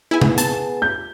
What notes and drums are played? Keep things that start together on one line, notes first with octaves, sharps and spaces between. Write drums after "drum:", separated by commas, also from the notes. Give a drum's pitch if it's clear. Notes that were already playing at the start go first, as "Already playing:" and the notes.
B3 E4 G#4 G#5
drum: tom C3
A5, drum: hi-hat
G6